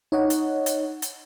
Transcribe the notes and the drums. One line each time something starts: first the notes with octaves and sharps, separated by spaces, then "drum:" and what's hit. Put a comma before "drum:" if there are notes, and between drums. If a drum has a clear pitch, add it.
D#4 C#5 D#5 F#5
drum: hi-hat
drum: hi-hat
drum: hi-hat